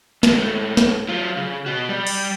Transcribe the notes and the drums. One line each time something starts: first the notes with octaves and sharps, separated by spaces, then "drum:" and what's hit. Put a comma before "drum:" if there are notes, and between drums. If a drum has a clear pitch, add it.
G#2 D#3 G#3 F#4, drum: snare
G#2 A3
drum: snare
F#3 F4
C#3
B2 F#4
G3
drum: cymbal